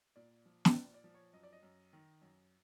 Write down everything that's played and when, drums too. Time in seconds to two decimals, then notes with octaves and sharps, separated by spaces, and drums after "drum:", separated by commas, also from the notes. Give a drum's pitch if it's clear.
0.16 A#2 D5
0.46 F3
0.65 drum: snare
0.74 A#2 D5
0.94 D5
1.04 F3
1.14 C#5
1.33 F#2 D#5
1.43 D5
1.53 D#5
1.63 F#2
1.93 D#3
2.22 F#2